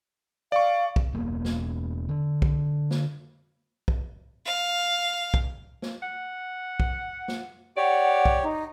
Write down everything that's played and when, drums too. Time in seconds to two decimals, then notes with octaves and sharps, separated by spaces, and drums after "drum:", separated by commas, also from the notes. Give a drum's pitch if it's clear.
0.52 D5 F5 C#6
0.96 drum: kick
1.13 E1 A#3 B3
1.45 drum: snare
2.09 D3 D4
2.42 drum: kick
2.91 drum: snare
3.88 drum: kick
4.45 F5
5.34 drum: kick
5.82 drum: snare
6.03 F#5
6.80 drum: kick
7.28 drum: snare
7.77 G4 C#5 D5 F#5
8.25 drum: kick
8.42 D#4